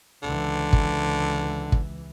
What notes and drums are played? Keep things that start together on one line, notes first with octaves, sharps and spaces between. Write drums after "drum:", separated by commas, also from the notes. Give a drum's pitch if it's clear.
C#2 D3 E3
drum: kick
drum: kick